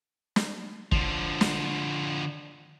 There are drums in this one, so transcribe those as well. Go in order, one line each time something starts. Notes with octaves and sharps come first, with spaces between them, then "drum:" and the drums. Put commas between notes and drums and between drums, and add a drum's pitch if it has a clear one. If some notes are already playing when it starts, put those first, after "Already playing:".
drum: snare
D3 F3, drum: kick
drum: snare